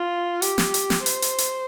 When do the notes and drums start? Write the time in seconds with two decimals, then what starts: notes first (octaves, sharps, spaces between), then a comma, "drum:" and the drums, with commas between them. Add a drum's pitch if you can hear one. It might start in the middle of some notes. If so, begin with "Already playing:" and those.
Already playing: F4
0.42 G4, drum: hi-hat
0.58 drum: snare
0.74 drum: hi-hat
0.90 drum: snare
1.06 C5, drum: hi-hat
1.22 drum: hi-hat
1.38 drum: hi-hat